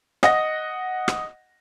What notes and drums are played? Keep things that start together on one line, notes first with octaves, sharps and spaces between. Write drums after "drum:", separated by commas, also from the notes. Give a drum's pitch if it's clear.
D#5 F#5 A#6, drum: rim click
drum: rim click